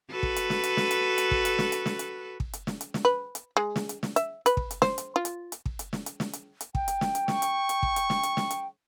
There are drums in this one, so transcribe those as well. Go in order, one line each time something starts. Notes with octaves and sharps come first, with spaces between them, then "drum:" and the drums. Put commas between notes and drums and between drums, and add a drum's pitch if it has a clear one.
F#4 A4 B4
drum: kick
drum: hi-hat
drum: snare
drum: hi-hat
drum: snare
drum: hi-hat
drum: hi-hat
drum: kick
drum: hi-hat
drum: snare
drum: hi-hat
drum: snare
drum: hi-hat
drum: kick
drum: hi-hat
drum: snare
drum: hi-hat
drum: snare
B4
drum: hi-hat
G#3
drum: snare
drum: hi-hat
drum: snare
E5, drum: hi-hat
B4, drum: hi-hat
drum: kick
drum: hi-hat
C5, drum: snare
drum: hi-hat
F4
drum: hi-hat
drum: hi-hat
drum: kick
drum: hi-hat
drum: snare
drum: hi-hat
drum: snare
drum: hi-hat
drum: hi-hat
G5, drum: kick
drum: hi-hat
drum: snare
drum: hi-hat
C#6, drum: snare
drum: hi-hat
drum: hi-hat
drum: kick
drum: hi-hat
drum: snare
drum: hi-hat
drum: snare
drum: hi-hat